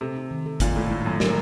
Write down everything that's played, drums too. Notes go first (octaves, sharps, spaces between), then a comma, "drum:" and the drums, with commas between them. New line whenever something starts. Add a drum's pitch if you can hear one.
C3 A4
D#4
D#3
A4
A#2 D#4, drum: kick G1, hi-hat
A2 A4
A2 A3
F#2 D#3
A#4, drum: snare